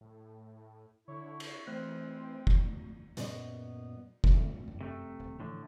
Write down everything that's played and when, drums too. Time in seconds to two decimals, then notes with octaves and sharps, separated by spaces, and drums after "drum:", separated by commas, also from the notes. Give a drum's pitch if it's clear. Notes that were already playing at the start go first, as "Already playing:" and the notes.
0.01 A2
1.08 D3 E4 C#5
1.40 drum: cymbal
1.67 E3 A3 C4 C5 F6 F#6
2.47 drum: kick F1
3.17 F#2 A#2 B3 C#4 D5 D#5, drum: hi-hat
4.24 D2, drum: kick F1
4.67 F#2
4.81 C3 A3
5.19 D#1
5.40 A2 D3 E3 F3